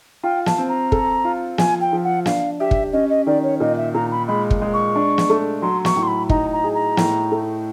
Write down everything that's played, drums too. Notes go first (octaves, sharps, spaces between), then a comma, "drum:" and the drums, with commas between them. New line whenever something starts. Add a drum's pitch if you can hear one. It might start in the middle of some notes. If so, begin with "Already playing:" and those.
F4 G5
A5, drum: snare
C4
A#5
A4, drum: kick
F4
F3 G#5, drum: snare
G5
F3
F#5
D4 F5, drum: snare
G4 E5
drum: kick
C#4 D#5
D#5
D#3 D5
C#5
A#2 D#5
E5
A#2 A#5
B5
G#3 B5
drum: kick
G#3
C#6
D4
drum: snare
A3
F#3 C6
C#6, drum: snare
A2
C6
B5
D#4 A#5, drum: kick
A#5
G#4
A#5
A2, drum: snare
A3